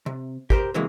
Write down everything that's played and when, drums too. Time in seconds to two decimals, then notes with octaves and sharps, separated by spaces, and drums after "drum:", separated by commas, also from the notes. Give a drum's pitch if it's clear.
0.06 C3
0.50 G4 A#4 C5, drum: kick
0.74 C#2 C3 E3 F#3 G#3 A#3